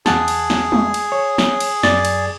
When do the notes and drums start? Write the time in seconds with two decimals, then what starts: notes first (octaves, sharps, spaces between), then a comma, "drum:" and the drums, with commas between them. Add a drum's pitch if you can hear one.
0.06 E2 G#4 F#5 A5, drum: snare
0.28 drum: cymbal
0.50 drum: snare
0.72 drum: tom G3
0.94 drum: cymbal
1.12 C#5
1.38 drum: snare
1.60 drum: cymbal
1.83 F#2 D5 A6, drum: snare
2.05 drum: cymbal